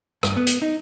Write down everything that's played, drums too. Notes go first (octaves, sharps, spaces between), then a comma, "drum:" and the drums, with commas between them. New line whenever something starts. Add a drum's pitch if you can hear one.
G2, drum: rim click
B3
drum: hi-hat
D#4